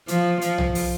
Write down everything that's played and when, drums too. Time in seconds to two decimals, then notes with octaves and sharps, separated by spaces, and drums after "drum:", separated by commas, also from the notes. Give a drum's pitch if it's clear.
0.08 F3, drum: hi-hat
0.42 F3, drum: hi-hat
0.58 drum: tom B1
0.75 drum: open hi-hat